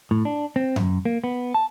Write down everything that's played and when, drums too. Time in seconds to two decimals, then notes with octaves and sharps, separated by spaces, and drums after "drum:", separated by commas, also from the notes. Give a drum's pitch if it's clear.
0.11 A2
0.25 D4
0.56 C4
0.76 F#2, drum: tom F#2
1.05 A#3
1.24 B3
1.54 A5